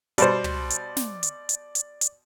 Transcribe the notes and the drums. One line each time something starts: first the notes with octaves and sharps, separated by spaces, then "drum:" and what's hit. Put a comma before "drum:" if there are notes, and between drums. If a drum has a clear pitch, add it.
B2 G3 C5 D5, drum: hi-hat
drum: tom
drum: hi-hat
drum: snare
drum: hi-hat
drum: hi-hat
drum: hi-hat
drum: hi-hat